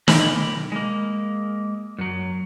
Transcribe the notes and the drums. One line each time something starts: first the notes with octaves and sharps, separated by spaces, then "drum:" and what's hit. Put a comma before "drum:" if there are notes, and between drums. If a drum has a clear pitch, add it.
B1 D3 E4 G4 A#4 B5, drum: snare
G#3 A#3
F#2 F#3